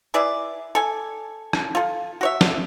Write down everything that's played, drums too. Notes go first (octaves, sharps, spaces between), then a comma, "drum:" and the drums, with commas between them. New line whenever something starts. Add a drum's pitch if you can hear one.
E4 G#4 B4 D5
A4 G#5
drum: rim click
F4 A4
F#4 C#5 E5
drum: snare